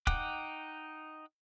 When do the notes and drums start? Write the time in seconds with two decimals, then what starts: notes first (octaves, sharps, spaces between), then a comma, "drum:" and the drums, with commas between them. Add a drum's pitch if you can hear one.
0.07 D#4 F#5 G5 D6 F#6, drum: kick